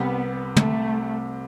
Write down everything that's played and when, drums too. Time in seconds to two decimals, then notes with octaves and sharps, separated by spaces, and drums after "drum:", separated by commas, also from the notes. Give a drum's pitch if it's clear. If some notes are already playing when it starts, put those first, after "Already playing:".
Already playing: C2 C3 G3 B3
0.56 A3, drum: tom